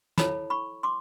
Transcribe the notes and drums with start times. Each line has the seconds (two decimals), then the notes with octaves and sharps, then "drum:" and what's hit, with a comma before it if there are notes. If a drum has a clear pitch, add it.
0.18 E4 A4 C#5 A5 B5, drum: snare
0.50 B5 C#6
0.83 C6 D6